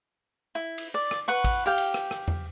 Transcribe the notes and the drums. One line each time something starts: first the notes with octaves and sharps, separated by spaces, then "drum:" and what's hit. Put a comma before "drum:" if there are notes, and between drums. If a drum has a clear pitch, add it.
E4
drum: cymbal
D5
drum: rim click
B4 F#5 C#6
drum: kick, cymbal
G4 F5 G5
drum: cymbal
drum: rim click
drum: rim click
drum: tom E2